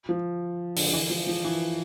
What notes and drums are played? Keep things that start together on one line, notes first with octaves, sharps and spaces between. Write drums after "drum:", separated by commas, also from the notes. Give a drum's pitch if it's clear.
F3
D3, drum: open hi-hat
D3
E3
F3
F3
E3